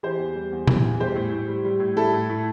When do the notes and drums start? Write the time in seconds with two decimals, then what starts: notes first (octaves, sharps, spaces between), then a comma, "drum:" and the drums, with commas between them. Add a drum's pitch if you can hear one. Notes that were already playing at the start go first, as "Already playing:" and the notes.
0.03 E3 G4 C5
0.19 E2
0.36 G3
0.52 E2
0.67 E3, drum: tom A#2
0.83 E2
0.99 G3 G4 C5
1.15 A2
1.32 A2
1.48 G3
1.65 G3
1.80 A2
1.96 G3 E4 A4
2.13 A2
2.29 A2